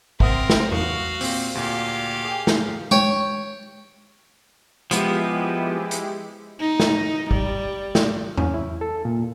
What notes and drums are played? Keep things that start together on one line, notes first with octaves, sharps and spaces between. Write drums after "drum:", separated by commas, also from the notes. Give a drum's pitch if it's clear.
C4 A#4 E5 F#5 D#6, drum: kick
drum: snare
F#4 F5, drum: tom E2
A#2 C4, drum: open hi-hat
D2 A#2 G4 F5
G#4 G5
drum: snare
C#5 G5 C#6, drum: tom G#3
F3 G#3 B3 E4 G4, drum: hi-hat
drum: hi-hat
D#4
drum: snare
G3, drum: kick
drum: snare
C#4, drum: tom E2
E4
A4
A#2